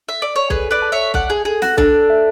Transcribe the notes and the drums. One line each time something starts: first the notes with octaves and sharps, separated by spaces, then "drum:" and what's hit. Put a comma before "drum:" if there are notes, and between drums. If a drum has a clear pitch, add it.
E5
D5
C#5
G#4 A4 B4, drum: kick B1
B4 D5
A5
C#5 E5
D5 F#5 A5, drum: kick B1
G#4
G#4 A4
F#4, drum: snare
D4 A4, drum: kick B1
E5